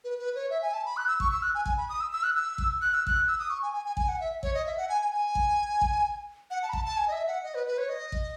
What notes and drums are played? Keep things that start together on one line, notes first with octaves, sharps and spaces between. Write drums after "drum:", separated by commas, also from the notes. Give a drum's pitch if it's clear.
B4
B4
C#5
E5
G#5
A5
B5
F#6
E6
C#6, drum: kick A1
E6
F#6
G#5
G#5, drum: kick A1
B5
D#6
E6
E6
F#6
E6
drum: kick A1
F#6
E6
F#6, drum: kick A1
E6
D#6
C#6
G#5
G#5
G#5
G#5, drum: kick A1
F#5
E5
C#5, drum: kick A1
D#5
E5
F#5
G#5
G#5
G#5
drum: kick A1
drum: kick A1
F#5
A5
B5
A5, drum: kick A1
A5
G#5
D#5
E5
F#5
D#5
B4
B4
C#5
D#5
drum: kick A1